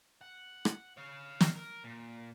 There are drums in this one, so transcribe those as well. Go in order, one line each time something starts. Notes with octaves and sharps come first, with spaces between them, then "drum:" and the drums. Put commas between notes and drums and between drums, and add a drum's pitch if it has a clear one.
F#5
drum: rim click
C#5 F5
drum: snare
A#4
A#2